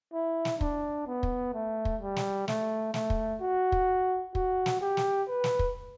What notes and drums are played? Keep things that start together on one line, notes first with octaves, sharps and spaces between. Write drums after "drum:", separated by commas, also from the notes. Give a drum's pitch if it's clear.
E4
drum: snare
D4, drum: kick
B3
drum: kick
A3
drum: kick
G3
drum: snare
A3, drum: snare
A3, drum: snare
drum: kick
F#4
drum: kick
F#4, drum: kick
drum: snare
G4
drum: snare
B4
drum: snare
drum: kick